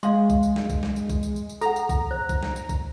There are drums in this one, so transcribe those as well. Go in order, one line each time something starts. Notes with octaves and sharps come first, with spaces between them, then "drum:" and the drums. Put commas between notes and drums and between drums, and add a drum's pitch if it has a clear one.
G#3 F5 C6, drum: tambourine
drum: kick, tambourine
drum: tambourine
drum: snare
drum: kick, tambourine
drum: snare
drum: tambourine
drum: kick, tambourine
drum: tambourine
drum: tambourine
drum: tambourine
A4 F#5 A#5, drum: tambourine
drum: tambourine
drum: kick, tambourine
C5
drum: kick, tambourine
drum: snare
drum: tambourine
drum: kick, tambourine